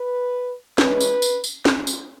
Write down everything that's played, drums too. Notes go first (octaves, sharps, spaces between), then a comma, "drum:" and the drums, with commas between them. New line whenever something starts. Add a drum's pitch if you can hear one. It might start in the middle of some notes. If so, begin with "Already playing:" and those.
Already playing: B4
E3 G#3 C#4 B4, drum: snare
drum: tambourine
drum: tambourine
drum: tambourine
drum: snare
drum: tambourine